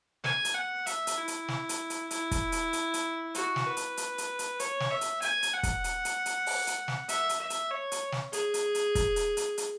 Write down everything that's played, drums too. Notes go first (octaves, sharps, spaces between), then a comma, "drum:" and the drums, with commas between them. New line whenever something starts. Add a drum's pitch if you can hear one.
G#5, drum: snare
drum: hi-hat
F#5
E5, drum: hi-hat
drum: hi-hat
E4
drum: hi-hat
drum: snare
drum: hi-hat
drum: hi-hat
E4, drum: hi-hat
drum: kick, hi-hat
drum: hi-hat
drum: hi-hat
drum: hi-hat
F#4, drum: hi-hat
drum: snare
B4
drum: hi-hat
drum: hi-hat
drum: hi-hat
drum: hi-hat
C#5, drum: hi-hat
drum: snare
E5
drum: hi-hat
G#5, drum: hi-hat
drum: hi-hat
F#5
drum: kick, hi-hat
drum: hi-hat
drum: hi-hat
drum: hi-hat
drum: open hi-hat
drum: hi-hat
drum: snare
E5, drum: hi-hat
drum: hi-hat
E5
drum: hi-hat
C#5
drum: hi-hat
drum: snare
G#4, drum: hi-hat
drum: hi-hat
drum: hi-hat
drum: kick, hi-hat
drum: hi-hat
drum: hi-hat
drum: hi-hat